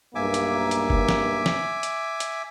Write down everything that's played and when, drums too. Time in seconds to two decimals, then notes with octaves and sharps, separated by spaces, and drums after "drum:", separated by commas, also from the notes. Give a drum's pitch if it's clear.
0.15 B1 G2 A#3 E5 G#5 D6
0.34 drum: hi-hat
0.71 drum: hi-hat
0.90 drum: kick
1.09 drum: snare
1.46 drum: snare
1.83 drum: hi-hat
2.20 drum: hi-hat